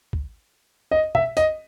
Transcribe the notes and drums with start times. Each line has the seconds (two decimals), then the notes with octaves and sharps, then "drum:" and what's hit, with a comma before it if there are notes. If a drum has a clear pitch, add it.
0.13 drum: kick
0.91 D#5
1.15 E5, drum: tom
1.37 D#5, drum: hi-hat